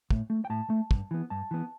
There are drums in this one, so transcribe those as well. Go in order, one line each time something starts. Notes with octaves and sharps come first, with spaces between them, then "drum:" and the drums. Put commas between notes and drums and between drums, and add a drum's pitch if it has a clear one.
A2, drum: kick
A3
G5
A2 A5
A3
G2, drum: kick
E3 B3
G2 A5
E3 B3